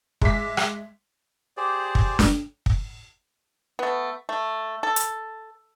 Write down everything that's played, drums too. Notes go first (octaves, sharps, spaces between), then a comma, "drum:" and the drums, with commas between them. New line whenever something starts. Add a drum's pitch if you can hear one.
G#3 E5 D6 B6, drum: kick
drum: rim click
G4 G#4 C5 D5
drum: kick
drum: snare
drum: kick
A3 B3
A3
A4
drum: hi-hat